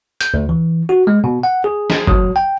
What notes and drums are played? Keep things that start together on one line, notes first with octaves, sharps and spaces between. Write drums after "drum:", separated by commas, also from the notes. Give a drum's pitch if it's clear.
G6, drum: hi-hat
D2
E3
F#4
G#3
B2
F#5
G#4
drum: snare
F#3, drum: kick
G5